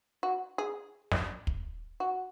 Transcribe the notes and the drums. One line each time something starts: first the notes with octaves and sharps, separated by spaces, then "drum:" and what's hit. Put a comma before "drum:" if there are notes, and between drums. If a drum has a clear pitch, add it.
F#4
G#4
drum: snare
drum: kick
F#4